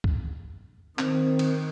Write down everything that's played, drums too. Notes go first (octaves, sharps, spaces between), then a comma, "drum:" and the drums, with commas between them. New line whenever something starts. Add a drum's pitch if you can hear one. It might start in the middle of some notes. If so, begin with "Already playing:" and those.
drum: kick
D#3 C4, drum: clap
drum: cymbal